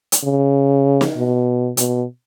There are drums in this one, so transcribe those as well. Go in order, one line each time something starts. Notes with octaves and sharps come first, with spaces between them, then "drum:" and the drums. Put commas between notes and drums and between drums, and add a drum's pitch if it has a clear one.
drum: hi-hat
C#3
drum: snare
B2
B2, drum: hi-hat